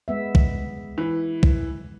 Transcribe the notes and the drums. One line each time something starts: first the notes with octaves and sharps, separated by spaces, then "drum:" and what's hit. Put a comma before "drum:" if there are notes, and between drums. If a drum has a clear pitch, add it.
G#3 B3 E5
drum: kick
E3
drum: kick